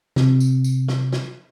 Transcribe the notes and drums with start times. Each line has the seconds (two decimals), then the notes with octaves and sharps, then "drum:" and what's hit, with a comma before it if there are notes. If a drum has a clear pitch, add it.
0.16 C3, drum: snare
0.40 drum: tambourine
0.64 drum: tambourine
0.88 drum: snare
1.12 drum: snare